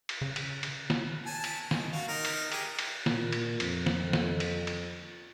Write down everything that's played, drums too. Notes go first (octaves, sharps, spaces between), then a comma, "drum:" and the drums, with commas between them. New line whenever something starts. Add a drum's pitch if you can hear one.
drum: cymbal
C#3
drum: cymbal
drum: cymbal
drum: snare
G#5 A5
drum: cymbal
G#3, drum: snare
F#4 F5
D#4 A#4
drum: cymbal
G4 G#4 A#4, drum: cymbal
drum: cymbal
A#2, drum: snare
drum: cymbal
F2, drum: cymbal
drum: snare
drum: snare
drum: cymbal
drum: cymbal